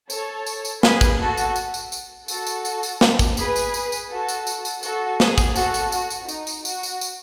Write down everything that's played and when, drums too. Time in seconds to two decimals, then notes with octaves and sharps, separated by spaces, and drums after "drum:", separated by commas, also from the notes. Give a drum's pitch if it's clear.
0.10 A4 C#5, drum: tambourine
0.46 drum: tambourine
0.65 drum: tambourine
0.83 G#4 B4, drum: snare
1.01 drum: kick, tambourine
1.19 F#4 A4
1.37 drum: tambourine
1.56 drum: tambourine
1.74 drum: tambourine
1.92 drum: tambourine
2.28 F#4 A4, drum: tambourine
2.47 drum: tambourine
2.65 drum: tambourine
2.83 drum: tambourine
3.01 drum: snare
3.19 drum: kick, tambourine
3.37 G#4 B4, drum: tambourine
3.56 drum: tambourine
3.74 drum: tambourine
3.92 drum: tambourine
4.10 F#4 A4
4.29 drum: tambourine
4.47 drum: tambourine
4.65 drum: tambourine
4.83 F#4 A4, drum: tambourine
5.20 G#4, drum: snare
5.38 drum: kick, tambourine
5.56 F#4 A4, drum: tambourine
5.74 drum: tambourine
5.92 F#4, drum: tambourine
6.10 drum: tambourine
6.28 D#4, drum: tambourine
6.47 drum: tambourine
6.65 F#4, drum: tambourine
6.83 drum: tambourine
7.01 drum: tambourine